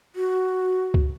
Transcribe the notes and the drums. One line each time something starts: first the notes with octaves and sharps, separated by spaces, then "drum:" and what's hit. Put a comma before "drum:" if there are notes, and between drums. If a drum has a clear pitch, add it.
F#4
drum: kick C#2